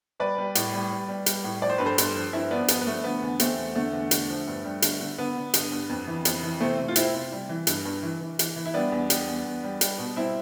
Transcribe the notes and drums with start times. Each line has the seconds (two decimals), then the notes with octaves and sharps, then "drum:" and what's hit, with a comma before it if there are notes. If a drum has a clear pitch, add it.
0.20 G3 B4 D5
0.38 G3
0.55 A2, drum: hi-hat
0.73 G3
0.91 G3
1.08 G3
1.26 G3, drum: hi-hat
1.44 A2
1.62 F3 D5
1.70 C5
1.78 G2 B4
1.85 A4 C5
1.98 G2, drum: hi-hat
2.16 F3
2.33 G2 C4 E4
2.51 F3 B3 D4
2.68 G2 B3, drum: hi-hat
2.81 B3
2.86 F3 A3
3.04 D3 B3
3.22 E2
3.40 E2 A3 C4, drum: hi-hat
3.58 E2
3.75 D3 A3
3.93 E2
4.11 D3, drum: hi-hat
4.29 F3
4.47 G2
4.65 G3
4.82 D3, drum: hi-hat
5.01 D3
5.18 D3 B3
5.37 D3
5.54 G2, drum: hi-hat
5.72 G2
5.90 F2
6.08 E3
6.25 F2, drum: hi-hat
6.43 E3
6.60 C3 A3 C4
6.78 C3
6.88 F4
6.96 C3 C4 E4, drum: hi-hat
7.14 C3
7.32 G3
7.49 E3
7.67 G2, drum: hi-hat
7.85 G2
8.03 E3
8.21 E3
8.39 E3, drum: hi-hat
8.56 E3
8.66 E4
8.74 G3 B3 D4
8.92 E2
9.10 G3, drum: hi-hat
9.27 E2
9.45 E2
9.64 G3
9.81 G3, drum: hi-hat
9.98 B2
10.16 G3 C4 E4